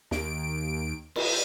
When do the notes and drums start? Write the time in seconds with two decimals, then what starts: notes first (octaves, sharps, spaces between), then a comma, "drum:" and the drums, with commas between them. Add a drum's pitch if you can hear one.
0.11 D#2 D7, drum: snare
1.16 drum: cymbal